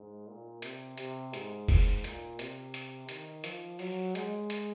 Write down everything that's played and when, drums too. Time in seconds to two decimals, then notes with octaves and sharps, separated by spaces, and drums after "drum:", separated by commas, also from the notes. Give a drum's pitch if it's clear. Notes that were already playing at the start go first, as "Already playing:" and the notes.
Already playing: G#2
0.27 A#2
0.62 C3, drum: hi-hat
0.97 C3, drum: hi-hat
1.34 G#2, drum: hi-hat
1.68 drum: kick F1, open hi-hat
2.04 A#2, drum: hi-hat
2.39 C3, drum: hi-hat
2.74 drum: hi-hat
3.09 D#3, drum: hi-hat
3.44 F3, drum: hi-hat
3.79 F#3, drum: open hi-hat
4.15 G#3, drum: hi-hat
4.50 drum: hi-hat